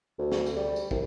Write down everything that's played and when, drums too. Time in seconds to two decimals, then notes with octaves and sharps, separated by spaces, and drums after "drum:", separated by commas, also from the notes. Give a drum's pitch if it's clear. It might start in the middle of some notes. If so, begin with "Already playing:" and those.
0.19 D2
0.32 drum: snare
0.46 drum: tambourine
0.57 G3
0.76 drum: tambourine
0.91 C2, drum: kick